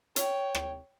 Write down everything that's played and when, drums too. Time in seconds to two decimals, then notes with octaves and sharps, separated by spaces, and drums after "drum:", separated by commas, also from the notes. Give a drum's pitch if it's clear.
0.16 C#5 G5, drum: hi-hat
0.55 drum: rim click